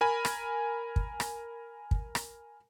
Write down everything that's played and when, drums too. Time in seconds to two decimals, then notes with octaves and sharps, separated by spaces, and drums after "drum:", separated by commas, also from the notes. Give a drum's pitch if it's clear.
0.01 A#4 G#5 B5
0.25 drum: rim click
0.96 drum: kick
1.20 drum: rim click
1.91 drum: kick
2.15 drum: rim click